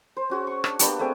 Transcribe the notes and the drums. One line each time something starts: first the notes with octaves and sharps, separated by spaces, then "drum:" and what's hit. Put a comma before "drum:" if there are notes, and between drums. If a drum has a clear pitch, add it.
C5
C#4 F#4 G#4
C#6
D4, drum: rim click
A#3 B3 D4 G4, drum: hi-hat
A3 C4 G#4 G5